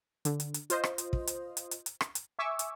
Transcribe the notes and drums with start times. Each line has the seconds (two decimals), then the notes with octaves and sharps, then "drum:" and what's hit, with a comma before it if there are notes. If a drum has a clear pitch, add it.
0.25 D3, drum: hi-hat
0.40 drum: hi-hat
0.54 drum: hi-hat
0.70 F4 C5 D#5, drum: hi-hat
0.84 drum: rim click
0.98 drum: hi-hat
1.13 drum: kick
1.27 drum: hi-hat
1.57 drum: hi-hat
1.71 drum: hi-hat
1.86 drum: hi-hat
2.01 drum: rim click
2.15 drum: hi-hat
2.39 E5 G#5 C#6 D6 E6
2.59 drum: hi-hat